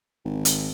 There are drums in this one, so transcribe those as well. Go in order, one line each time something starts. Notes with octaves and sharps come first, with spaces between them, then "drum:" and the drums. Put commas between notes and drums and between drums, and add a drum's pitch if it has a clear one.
G#1
drum: hi-hat